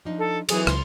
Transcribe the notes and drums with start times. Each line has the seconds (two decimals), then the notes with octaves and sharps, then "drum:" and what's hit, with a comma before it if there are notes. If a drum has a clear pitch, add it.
0.05 F3 D4 D#4
0.19 A4
0.49 E3 F#3 C4 D#4 G#4, drum: cymbal
0.67 C#2 C6, drum: rim click